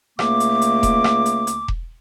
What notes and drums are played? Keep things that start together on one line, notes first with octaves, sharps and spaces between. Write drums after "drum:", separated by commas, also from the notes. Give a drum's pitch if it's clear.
C#2 A3 A#3 D6, drum: rim click
drum: hi-hat
drum: hi-hat
drum: kick E1, hi-hat
drum: rim click
drum: hi-hat
drum: hi-hat
drum: kick E1